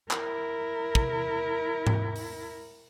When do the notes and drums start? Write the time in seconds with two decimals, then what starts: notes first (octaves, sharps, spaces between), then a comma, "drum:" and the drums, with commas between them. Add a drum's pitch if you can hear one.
0.11 E4 A#4, drum: clap
0.95 drum: kick
1.87 drum: tom G#2
2.16 drum: open hi-hat